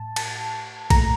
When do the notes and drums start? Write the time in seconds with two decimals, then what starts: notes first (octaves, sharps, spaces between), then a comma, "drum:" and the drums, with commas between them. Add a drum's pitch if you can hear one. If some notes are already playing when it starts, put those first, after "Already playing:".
Already playing: A2 A5
0.16 A5, drum: cymbal
0.90 A#2 A3 A#5, drum: kick A#1, cymbal